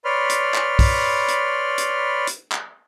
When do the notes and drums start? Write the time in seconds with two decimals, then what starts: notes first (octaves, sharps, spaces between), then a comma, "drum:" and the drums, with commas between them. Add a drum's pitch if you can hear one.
0.05 B4 C#5 D5 B5 C6 F6
0.30 drum: hi-hat
0.54 drum: clap
0.79 drum: kick, open hi-hat
1.28 drum: hi-hat
1.78 drum: hi-hat
2.27 drum: hi-hat
2.52 drum: clap